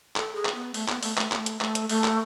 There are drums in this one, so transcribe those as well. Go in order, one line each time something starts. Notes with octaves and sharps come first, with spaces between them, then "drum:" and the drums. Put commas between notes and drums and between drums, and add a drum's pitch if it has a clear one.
A4, drum: clap
G#4
drum: clap
B3
A3, drum: open hi-hat
B3, drum: clap
A3, drum: open hi-hat
A3, drum: clap
B3, drum: clap
A3
drum: hi-hat
A3, drum: clap
drum: hi-hat
A3, drum: open hi-hat
drum: clap